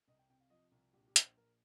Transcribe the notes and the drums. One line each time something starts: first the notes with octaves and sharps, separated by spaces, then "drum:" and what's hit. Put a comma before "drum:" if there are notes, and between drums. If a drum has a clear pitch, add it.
C2 D#5
G5
C3 G5
F5
F3 D#5
C2
A#1 G4
G4
A#1, drum: hi-hat
C5
A#1 A#4